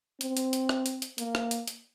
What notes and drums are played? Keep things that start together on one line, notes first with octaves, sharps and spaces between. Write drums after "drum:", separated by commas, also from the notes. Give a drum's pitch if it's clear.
C4, drum: hi-hat
drum: hi-hat
drum: hi-hat
drum: rim click
drum: hi-hat
drum: hi-hat
A#3, drum: hi-hat
drum: rim click
drum: hi-hat
drum: hi-hat